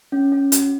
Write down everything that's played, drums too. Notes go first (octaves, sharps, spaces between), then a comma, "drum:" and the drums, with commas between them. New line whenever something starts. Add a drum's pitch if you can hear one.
C#4
C#4
F#4, drum: hi-hat